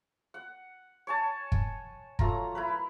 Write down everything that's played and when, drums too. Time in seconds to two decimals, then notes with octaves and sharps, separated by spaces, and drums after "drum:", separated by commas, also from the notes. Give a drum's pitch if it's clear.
0.34 F#5
1.07 C#5 G#5 A5
1.52 drum: kick
2.19 F#3 A3 F4 A#5, drum: kick
2.55 E4 A#4 B4